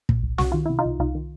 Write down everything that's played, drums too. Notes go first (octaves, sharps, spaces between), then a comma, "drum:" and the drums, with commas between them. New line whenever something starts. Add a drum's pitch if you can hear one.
A#2, drum: kick
C2
C2 F#4, drum: snare
D#3 F4
C3 E4
D#4 F4
C2
C2 D#4 F4
D#3